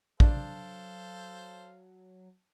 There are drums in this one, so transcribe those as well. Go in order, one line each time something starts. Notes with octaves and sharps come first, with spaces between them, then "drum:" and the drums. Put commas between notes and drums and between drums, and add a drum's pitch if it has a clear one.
F#3 D4 A4 C5 F5, drum: kick